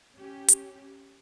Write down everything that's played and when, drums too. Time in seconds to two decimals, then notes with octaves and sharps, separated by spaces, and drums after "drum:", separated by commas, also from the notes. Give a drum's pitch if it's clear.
0.18 C#4 G4
0.48 drum: hi-hat